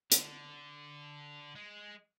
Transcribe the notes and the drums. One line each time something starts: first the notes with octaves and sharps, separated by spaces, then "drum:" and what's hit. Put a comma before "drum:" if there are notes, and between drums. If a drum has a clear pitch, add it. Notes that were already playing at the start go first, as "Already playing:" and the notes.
D3, drum: hi-hat
G#3